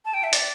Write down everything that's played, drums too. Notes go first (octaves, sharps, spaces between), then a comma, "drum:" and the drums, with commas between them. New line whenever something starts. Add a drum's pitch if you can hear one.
A5
G5
E5
D5, drum: hi-hat